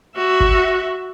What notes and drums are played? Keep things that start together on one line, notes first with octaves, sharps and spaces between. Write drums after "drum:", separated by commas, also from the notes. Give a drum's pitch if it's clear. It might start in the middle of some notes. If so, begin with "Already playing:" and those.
F#4 E5
drum: kick G#1